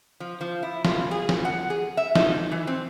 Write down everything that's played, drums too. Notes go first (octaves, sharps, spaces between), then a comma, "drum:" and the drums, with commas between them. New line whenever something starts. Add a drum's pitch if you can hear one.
F3
F3
E4
F4, drum: snare
G#4
drum: snare
F#5
G#4
E5
D#4, drum: snare
E3
C4